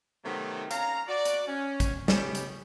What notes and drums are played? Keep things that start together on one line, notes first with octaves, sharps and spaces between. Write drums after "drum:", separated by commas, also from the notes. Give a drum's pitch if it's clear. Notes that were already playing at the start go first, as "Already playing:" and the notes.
C3 D#3 F#3 A3 B3
C#4 F5 A#5, drum: hi-hat
F#4 D5
drum: hi-hat
C#4
drum: kick, hi-hat
B2 C#4 G4, drum: snare
drum: hi-hat